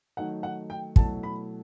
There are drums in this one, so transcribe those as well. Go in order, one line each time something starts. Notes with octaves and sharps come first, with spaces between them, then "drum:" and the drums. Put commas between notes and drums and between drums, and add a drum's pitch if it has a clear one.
D#3 F#3 A3 D#4 F#5
F#5
G5
B2 F#3 A3 E4 A5, drum: kick
B5